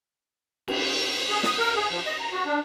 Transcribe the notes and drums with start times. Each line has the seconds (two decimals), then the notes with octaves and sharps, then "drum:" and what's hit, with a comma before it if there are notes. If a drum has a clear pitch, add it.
0.68 drum: cymbal
1.29 G#4
1.43 D#6, drum: snare
1.58 A#4
1.76 G#4
1.90 F3
2.06 D#5
2.20 A#5
2.33 F#4
2.46 D4